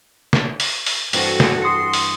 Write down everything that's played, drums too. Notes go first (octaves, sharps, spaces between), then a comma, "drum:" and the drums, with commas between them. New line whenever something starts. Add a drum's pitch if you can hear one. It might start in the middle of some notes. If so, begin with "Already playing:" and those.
drum: snare
drum: open hi-hat
drum: open hi-hat
G2 E3 C4 F#4 A4, drum: open hi-hat
drum: snare
C6 D#6 C#7
drum: open hi-hat